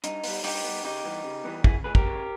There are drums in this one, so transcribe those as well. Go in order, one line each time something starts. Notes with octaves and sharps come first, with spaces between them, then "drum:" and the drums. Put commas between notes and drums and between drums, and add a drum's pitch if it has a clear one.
G2 D#4, drum: hi-hat
G3 B3, drum: open hi-hat
G2 D#4 G4, drum: open hi-hat
G3 B3
C#3 D#4 G4
E3 G3 B3
C#3
E3 G3 B3
C#3 E4 G#4, drum: kick
G#3 B3 G#4 B4
G4 A#4, drum: kick
C#3